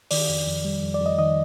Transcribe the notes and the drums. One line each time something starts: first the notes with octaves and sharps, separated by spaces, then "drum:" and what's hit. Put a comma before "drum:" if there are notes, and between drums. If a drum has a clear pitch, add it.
D#3 D5, drum: open hi-hat
F2
F2
G3
F2
D5
F2
D#5
D#3 D#5